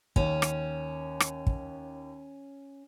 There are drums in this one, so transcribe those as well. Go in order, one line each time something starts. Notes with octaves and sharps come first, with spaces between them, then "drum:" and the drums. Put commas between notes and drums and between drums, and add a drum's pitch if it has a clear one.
D#2 C#4, drum: kick
drum: rim click
drum: rim click
drum: kick